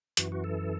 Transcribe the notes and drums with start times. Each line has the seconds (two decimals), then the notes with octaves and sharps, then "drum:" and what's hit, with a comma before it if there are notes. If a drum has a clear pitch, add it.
0.17 F#2 E3 F#4, drum: hi-hat
0.32 F#4
0.44 A4